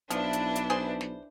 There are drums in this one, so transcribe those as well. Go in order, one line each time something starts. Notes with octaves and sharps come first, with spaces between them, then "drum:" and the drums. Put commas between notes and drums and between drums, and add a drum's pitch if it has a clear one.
B1 F3 D4 E4 B4, drum: hi-hat
drum: hi-hat
drum: hi-hat
G#4 C5
drum: snare